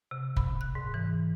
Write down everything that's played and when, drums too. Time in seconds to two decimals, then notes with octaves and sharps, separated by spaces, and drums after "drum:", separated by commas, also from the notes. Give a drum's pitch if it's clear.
0.11 C3
0.37 B5, drum: kick
0.61 F#6
0.75 G#2
0.94 E3